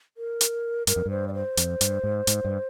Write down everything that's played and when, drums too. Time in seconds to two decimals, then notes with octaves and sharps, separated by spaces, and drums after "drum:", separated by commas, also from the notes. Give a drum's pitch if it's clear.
0.17 A#4
0.41 drum: hi-hat
0.87 G2 A#4, drum: hi-hat
0.96 F2
1.06 G2 C5
1.28 D5
1.34 C5
1.57 F2, drum: hi-hat
1.81 G2, drum: hi-hat
2.03 G#2
2.27 G#2, drum: hi-hat
2.45 G2